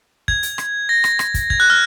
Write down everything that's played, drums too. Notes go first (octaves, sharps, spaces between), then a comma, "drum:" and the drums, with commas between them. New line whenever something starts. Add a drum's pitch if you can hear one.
G#6, drum: kick
drum: hi-hat
drum: rim click
A#6
drum: rim click
drum: rim click
drum: kick, hi-hat
G#6, drum: kick
F#6
F6